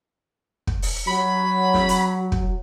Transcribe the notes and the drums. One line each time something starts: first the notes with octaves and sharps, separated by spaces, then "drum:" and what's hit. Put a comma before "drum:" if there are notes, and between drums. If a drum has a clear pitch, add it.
drum: kick
drum: open hi-hat
F#3 B5
drum: snare
drum: hi-hat
drum: kick